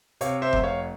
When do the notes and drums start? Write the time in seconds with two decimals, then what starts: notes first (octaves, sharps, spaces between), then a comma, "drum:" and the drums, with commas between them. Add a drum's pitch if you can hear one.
0.21 C3 C#5 F5, drum: hi-hat
0.42 C5 E5
0.53 F1, drum: kick F1
0.64 C#5 F5